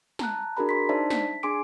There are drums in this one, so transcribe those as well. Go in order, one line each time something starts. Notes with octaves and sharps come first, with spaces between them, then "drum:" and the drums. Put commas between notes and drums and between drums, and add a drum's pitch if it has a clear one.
A5 A#5 F#6, drum: snare
D4 F#4 G#4 A#4 A#5 B5
C6 B6
D4 D#4 C5 D5 E5 A5
B6, drum: snare
D4 G#4 G#5 C6 D6 D7